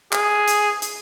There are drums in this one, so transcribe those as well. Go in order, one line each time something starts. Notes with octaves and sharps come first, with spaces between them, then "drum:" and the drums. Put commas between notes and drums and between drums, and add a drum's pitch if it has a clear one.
G#4, drum: clap
drum: hi-hat
drum: hi-hat